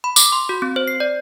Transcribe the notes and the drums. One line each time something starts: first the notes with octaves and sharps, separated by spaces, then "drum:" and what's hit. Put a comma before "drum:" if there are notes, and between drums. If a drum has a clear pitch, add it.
B5
D6, drum: tambourine
C6
F#4
C4
C5
C7
D5